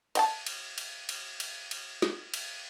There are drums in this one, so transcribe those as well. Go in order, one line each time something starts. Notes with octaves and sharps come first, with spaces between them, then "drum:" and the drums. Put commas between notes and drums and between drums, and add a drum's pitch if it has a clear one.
D#5 G5 A5, drum: cymbal
drum: cymbal
drum: cymbal
drum: cymbal
drum: cymbal
drum: cymbal
drum: snare
drum: cymbal